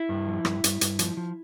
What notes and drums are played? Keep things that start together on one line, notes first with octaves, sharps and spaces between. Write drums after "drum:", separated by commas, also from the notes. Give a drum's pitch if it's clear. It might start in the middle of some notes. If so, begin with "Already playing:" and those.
Already playing: E4
G2
F3
G2, drum: rim click
G2, drum: hi-hat
G2, drum: hi-hat
F3, drum: hi-hat
F3